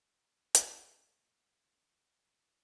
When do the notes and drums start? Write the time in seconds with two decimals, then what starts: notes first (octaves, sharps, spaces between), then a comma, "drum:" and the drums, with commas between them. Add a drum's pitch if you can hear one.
0.13 A#3 E5
0.55 drum: hi-hat